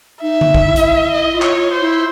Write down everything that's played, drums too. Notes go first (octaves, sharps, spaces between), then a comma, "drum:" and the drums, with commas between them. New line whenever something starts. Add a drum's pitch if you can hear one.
D#4 E5
drum: tom D3
drum: kick A#1
E4
drum: hi-hat
E4 D#5
F4
C#5, drum: clap
F4
C5
E4